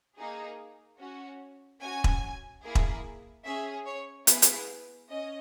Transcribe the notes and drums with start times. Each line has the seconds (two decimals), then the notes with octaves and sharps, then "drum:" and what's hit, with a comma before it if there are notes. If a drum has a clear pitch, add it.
0.16 A#3 D#4 G#4
0.98 C#4 F#4
1.80 C#4 F#4 G#5
2.04 drum: kick E1
2.64 A#3 E4 G#4
2.75 drum: kick E1
3.45 C#4 G#4 E5
3.86 C#5
4.27 B3 E4 G#4 B4, drum: hi-hat
4.42 drum: hi-hat
5.09 C#4 D#5